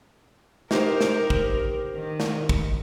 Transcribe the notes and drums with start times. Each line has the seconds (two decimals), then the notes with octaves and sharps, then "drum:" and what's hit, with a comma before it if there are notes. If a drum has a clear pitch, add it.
0.71 D#4 G4 A#4 C5, drum: snare
1.01 drum: snare
1.30 drum: kick
1.95 D#3
2.20 drum: snare
2.49 drum: kick